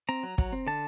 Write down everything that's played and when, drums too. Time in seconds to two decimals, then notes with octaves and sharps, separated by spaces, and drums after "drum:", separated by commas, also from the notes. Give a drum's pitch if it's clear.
0.09 C4 A#5
0.23 F#3
0.38 F#3, drum: kick
0.52 C4
0.67 D3 A5